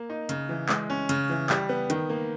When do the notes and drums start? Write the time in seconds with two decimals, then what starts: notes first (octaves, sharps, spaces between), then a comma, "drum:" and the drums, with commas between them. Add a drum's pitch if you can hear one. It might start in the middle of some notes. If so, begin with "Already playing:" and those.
Already playing: A#3
0.10 D#4
0.29 C#3, drum: hi-hat
0.49 E3
0.69 G#3, drum: clap
0.90 C#4
1.09 C#3, drum: hi-hat
1.30 E3
1.50 G3, drum: clap
1.69 B3
1.90 D#3, drum: hi-hat
2.09 A#3